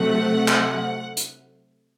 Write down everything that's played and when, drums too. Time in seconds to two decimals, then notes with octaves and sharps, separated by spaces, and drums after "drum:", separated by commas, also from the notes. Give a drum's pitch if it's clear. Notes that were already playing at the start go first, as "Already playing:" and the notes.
Already playing: C3 F#3 A3 F#5
0.48 drum: clap
1.17 drum: hi-hat